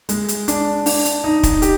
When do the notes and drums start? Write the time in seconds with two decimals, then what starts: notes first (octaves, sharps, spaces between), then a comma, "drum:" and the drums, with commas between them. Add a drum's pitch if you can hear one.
0.09 G#3, drum: hi-hat
0.28 drum: hi-hat
0.48 D4, drum: hi-hat
0.86 D4, drum: open hi-hat
1.05 drum: hi-hat
1.24 D#4
1.43 drum: kick, hi-hat
1.62 G4, drum: hi-hat